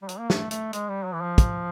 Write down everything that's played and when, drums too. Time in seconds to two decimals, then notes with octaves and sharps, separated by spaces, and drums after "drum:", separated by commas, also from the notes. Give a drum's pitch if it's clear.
0.02 G3
0.09 F#3, drum: hi-hat
0.19 A#3
0.30 A3, drum: snare
0.51 A3, drum: hi-hat
0.73 G#3, drum: hi-hat
0.89 G3
1.05 F#3
1.13 E3
1.21 F3
1.38 drum: kick, hi-hat